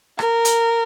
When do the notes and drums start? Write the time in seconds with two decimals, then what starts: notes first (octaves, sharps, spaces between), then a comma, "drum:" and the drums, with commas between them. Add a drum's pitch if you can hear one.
0.19 A#4, drum: rim click
0.45 drum: hi-hat